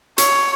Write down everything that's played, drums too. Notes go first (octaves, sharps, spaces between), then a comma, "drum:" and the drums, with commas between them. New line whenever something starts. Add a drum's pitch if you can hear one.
C#5, drum: hi-hat